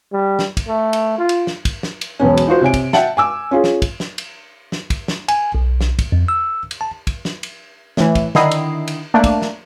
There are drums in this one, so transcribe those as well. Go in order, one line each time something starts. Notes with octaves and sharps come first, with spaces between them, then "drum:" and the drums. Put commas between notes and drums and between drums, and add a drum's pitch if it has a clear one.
G3
drum: snare
drum: kick, cymbal
A3
drum: cymbal
F4
drum: cymbal
drum: snare
drum: kick, cymbal
drum: snare
drum: cymbal
E1 B1 B3 C#4
drum: cymbal
D#4 F4 F#4 C5
C3 C#5 G#5 D7
drum: kick, cymbal
E5 F#5 G5 A5, drum: snare
G#5 D6 E6
C#4 F4 G#4
drum: snare
drum: kick, cymbal
drum: snare
drum: cymbal
drum: snare
drum: kick, cymbal
drum: snare
G#5, drum: cymbal
B1
drum: snare
drum: kick, cymbal
F2
E6
drum: cymbal
A5
drum: kick, cymbal
drum: snare
drum: cymbal
A2 E3, drum: snare
drum: kick, cymbal
D3 D#3 E4 D#5 C7, drum: snare
drum: cymbal
drum: cymbal
A3 A#3 D4
drum: kick, cymbal
drum: snare